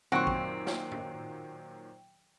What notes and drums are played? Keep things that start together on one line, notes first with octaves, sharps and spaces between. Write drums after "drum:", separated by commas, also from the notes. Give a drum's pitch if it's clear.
A#2 D#3 F#3 C4 F#4 F#5 C#6
drum: kick
drum: snare
drum: tom A2